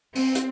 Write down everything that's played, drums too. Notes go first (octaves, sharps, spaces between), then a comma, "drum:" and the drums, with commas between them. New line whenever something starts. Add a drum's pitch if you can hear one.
C4, drum: open hi-hat
drum: hi-hat